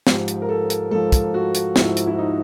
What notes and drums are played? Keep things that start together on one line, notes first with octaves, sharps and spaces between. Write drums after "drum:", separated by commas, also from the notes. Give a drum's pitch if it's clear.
G#2 F3 G4, drum: snare
drum: hi-hat
A#4
A4
drum: hi-hat
G#2 F3 A4
drum: kick, hi-hat
F#4
drum: hi-hat
G#2 F3 E4, drum: snare
drum: hi-hat
E4
D#4